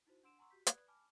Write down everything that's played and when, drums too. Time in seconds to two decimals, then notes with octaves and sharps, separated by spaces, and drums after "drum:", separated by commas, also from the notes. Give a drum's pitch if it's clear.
0.07 D#4 E4 F#4 C5
0.23 D4 F#5 C6 E6 D7 E7
0.38 F#5 G#5 A#5 C6 C#6 E6
0.50 F#4 G4 G6 B6
0.67 B4 D5 B5 D#6 F#6 G#6, drum: hi-hat
0.88 G#5 A5 B5 D6 F6